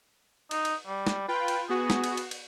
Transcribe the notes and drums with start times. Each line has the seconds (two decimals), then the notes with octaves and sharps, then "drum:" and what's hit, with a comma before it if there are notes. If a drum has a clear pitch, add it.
0.51 D#4, drum: cymbal
0.65 drum: cymbal
0.87 G3
1.07 drum: snare
1.28 F4 B4 G5
1.48 drum: cymbal
1.69 B3 F#4 G#4
1.90 drum: snare
2.04 drum: cymbal
2.17 drum: cymbal
2.31 drum: cymbal